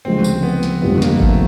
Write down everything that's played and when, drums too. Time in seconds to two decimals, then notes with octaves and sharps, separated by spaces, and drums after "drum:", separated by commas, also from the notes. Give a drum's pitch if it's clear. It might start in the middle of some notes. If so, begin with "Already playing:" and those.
0.05 D2 C#3 F3 G#3 C4
0.24 drum: tambourine
0.43 B3
0.63 drum: snare
0.82 G1 F2 C3 F3 B3
1.02 A#3, drum: snare
1.20 A3, drum: kick G#1